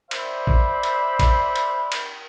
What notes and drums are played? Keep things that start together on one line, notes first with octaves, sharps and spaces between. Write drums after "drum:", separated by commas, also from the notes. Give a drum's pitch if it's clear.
C5 D5 E5 B5, drum: cymbal
drum: kick
drum: cymbal
drum: kick, cymbal
drum: cymbal
drum: cymbal